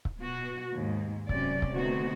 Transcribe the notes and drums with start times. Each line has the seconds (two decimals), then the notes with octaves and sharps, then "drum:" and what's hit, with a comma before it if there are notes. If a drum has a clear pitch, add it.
0.05 drum: kick C#1
0.19 B2 F#4
0.72 D#2 G#2
1.29 F#2 C3 C#4 D5, drum: kick C#1
1.62 drum: kick C#1
1.72 D2 C3 D#3 A3 B3 F#4